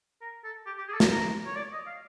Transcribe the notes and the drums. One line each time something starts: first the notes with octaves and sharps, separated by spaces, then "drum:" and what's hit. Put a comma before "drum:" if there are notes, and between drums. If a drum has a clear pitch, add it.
A#4
A4
G4
G4
G#4
A4
A#4, drum: snare
A#4
C#5
D5
D#5
F5